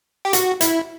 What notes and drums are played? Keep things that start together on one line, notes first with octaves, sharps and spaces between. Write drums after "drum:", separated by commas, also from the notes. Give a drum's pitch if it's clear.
G4
F#4, drum: hi-hat
E4, drum: hi-hat